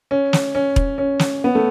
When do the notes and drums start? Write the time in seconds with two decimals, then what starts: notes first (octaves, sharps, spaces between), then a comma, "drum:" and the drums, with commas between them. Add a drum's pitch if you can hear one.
0.11 C#4
0.33 drum: snare
0.55 C#4
0.76 drum: kick E1
0.98 C#4
1.19 drum: snare
1.44 B3
1.55 A3